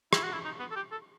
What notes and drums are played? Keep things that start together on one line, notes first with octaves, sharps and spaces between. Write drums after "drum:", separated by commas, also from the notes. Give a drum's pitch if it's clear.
E4, drum: rim click
F#4
E4
D#4
B3
A4
G4
A4